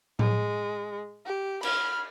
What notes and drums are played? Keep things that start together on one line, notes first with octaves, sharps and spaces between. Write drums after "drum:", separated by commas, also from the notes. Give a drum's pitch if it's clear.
G#3, drum: tom A2
G4
B5 F6, drum: cymbal